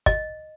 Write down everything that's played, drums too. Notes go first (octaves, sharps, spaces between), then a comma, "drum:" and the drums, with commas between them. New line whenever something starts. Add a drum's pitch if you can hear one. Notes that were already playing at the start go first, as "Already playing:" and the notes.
D#5, drum: kick, hi-hat